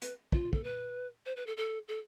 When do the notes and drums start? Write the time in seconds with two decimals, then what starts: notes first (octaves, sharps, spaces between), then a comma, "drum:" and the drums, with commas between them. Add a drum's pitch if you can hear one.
0.02 B4, drum: hi-hat
0.32 F4, drum: kick
0.53 A4, drum: kick
0.64 B4
1.26 C5
1.36 B4
1.47 A4
1.57 A4
1.88 A4